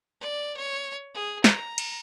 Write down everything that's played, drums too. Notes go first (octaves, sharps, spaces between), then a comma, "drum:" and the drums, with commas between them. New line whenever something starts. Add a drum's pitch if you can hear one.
D5
C#5
G#4
A#5, drum: snare
drum: cymbal